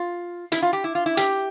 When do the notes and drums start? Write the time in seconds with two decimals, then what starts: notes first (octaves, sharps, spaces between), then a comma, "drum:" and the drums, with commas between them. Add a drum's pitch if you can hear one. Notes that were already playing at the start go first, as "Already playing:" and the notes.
Already playing: F4
0.52 E4, drum: hi-hat
0.62 F4
0.73 G4
0.84 E4
0.95 F4
1.06 E4
1.17 G4, drum: hi-hat